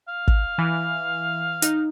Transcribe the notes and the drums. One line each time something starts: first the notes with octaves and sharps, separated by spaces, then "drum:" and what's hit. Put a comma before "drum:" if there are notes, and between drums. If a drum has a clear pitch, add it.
F5
drum: kick
E3
D#4, drum: hi-hat